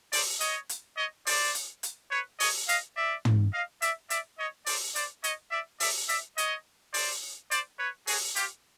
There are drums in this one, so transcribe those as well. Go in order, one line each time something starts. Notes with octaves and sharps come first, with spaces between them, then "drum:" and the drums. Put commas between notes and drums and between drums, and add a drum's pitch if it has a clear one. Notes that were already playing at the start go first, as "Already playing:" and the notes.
C5 D5, drum: open hi-hat
C#5 D#5, drum: hi-hat
drum: hi-hat
C#5 D#5
C5 D5, drum: open hi-hat
drum: hi-hat
drum: hi-hat
B4 C#5
C#5 D#5, drum: open hi-hat
D#5 F5, drum: hi-hat
D5 E5
drum: tom
D#5 F5
D5 E5, drum: hi-hat
D5 E5, drum: hi-hat
C#5 D#5
C5 D5, drum: open hi-hat
C5 D5, drum: hi-hat
C#5 D#5, drum: hi-hat
D5 E5
D5 E5, drum: open hi-hat
D5 E5, drum: hi-hat
C#5 D#5, drum: hi-hat
C5 D5, drum: open hi-hat
C5 D5, drum: hi-hat
B4 C#5
F#4 G#4, drum: open hi-hat
F4 G4, drum: hi-hat